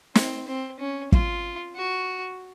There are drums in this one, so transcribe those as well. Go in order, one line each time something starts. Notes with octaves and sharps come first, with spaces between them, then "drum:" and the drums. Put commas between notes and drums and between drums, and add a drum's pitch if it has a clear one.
C4, drum: snare
C4
C#4
F4, drum: kick
F#4